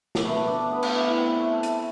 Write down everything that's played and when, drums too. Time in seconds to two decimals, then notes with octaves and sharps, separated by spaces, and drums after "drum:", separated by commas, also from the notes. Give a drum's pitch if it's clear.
0.15 drum: snare
0.24 B2 A3 B4
0.48 D4
0.71 B3
0.83 drum: cymbal
0.93 E4
1.17 C4
1.40 A3
1.63 A3, drum: hi-hat